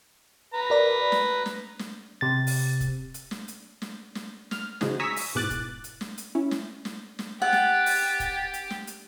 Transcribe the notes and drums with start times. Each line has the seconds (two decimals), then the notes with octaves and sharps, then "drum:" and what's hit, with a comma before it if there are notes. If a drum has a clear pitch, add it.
0.53 B4 A#5
0.70 A#4 D5 B5
1.12 drum: snare
1.46 drum: snare
1.79 drum: snare
2.21 C3 A6
2.47 drum: open hi-hat
2.80 drum: kick, hi-hat
3.14 drum: hi-hat
3.31 drum: snare
3.48 drum: hi-hat
3.82 drum: snare
4.15 drum: snare
4.51 F6, drum: snare
4.81 C#3 F3 G#3 D#4 F#4 G#4, drum: snare
5.00 G#5 A#5 C#6 D#6 E6 B6
5.16 drum: open hi-hat
5.35 G#2 B2 E3 D6 F#6 A6
5.50 drum: kick, hi-hat
5.84 drum: hi-hat
6.01 drum: snare
6.18 drum: hi-hat
6.35 C#4 E4
6.51 drum: snare
6.85 drum: snare
7.19 drum: snare
7.42 G4 F#5 A6
7.52 drum: snare
7.86 drum: open hi-hat
8.20 drum: kick, hi-hat
8.54 drum: hi-hat
8.70 drum: snare
8.87 drum: hi-hat